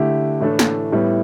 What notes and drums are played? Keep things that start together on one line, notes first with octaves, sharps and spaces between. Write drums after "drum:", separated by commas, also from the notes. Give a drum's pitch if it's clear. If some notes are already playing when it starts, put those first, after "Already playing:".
Already playing: D3 A3 E4 G4
A2 E3 A3 D4 A4
drum: snare
A2 G3 B3 E4